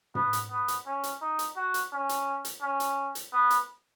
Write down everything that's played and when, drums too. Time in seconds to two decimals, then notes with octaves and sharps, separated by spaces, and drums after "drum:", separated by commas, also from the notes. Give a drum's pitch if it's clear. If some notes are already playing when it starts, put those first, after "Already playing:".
0.15 B3, drum: tom
0.33 drum: hi-hat
0.50 B3
0.68 drum: hi-hat
0.86 C#4
1.04 drum: hi-hat
1.22 D#4
1.39 drum: hi-hat
1.56 F#4
1.74 drum: hi-hat
1.92 C#4
2.09 drum: hi-hat
2.45 drum: hi-hat
2.62 C#4
2.80 drum: hi-hat
3.15 drum: hi-hat
3.33 B3
3.50 drum: hi-hat